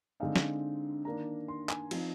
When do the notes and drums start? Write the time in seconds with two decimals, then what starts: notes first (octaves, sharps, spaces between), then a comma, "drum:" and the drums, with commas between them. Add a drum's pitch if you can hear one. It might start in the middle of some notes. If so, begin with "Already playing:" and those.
0.20 D3 G#3 C4 D#4 F5
0.36 drum: snare
1.05 D#3 A#3 D4 A#5
1.48 C6
1.69 G#5, drum: clap
1.91 F3 C4 D#4, drum: cymbal